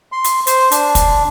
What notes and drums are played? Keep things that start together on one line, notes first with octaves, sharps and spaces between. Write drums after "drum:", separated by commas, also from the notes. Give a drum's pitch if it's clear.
C6
drum: hi-hat
C5, drum: hi-hat
D4, drum: hi-hat
drum: kick, hi-hat